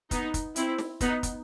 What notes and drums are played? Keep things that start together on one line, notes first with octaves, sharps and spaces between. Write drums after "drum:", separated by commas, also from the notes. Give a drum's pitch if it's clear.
B3 D#4, drum: kick, hi-hat
drum: kick, hi-hat
C4 E4, drum: hi-hat
drum: snare
B3 D#4, drum: kick, hi-hat
drum: kick, hi-hat